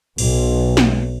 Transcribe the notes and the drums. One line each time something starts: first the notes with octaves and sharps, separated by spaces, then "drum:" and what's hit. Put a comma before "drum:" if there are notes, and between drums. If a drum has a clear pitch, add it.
B1, drum: cymbal
drum: snare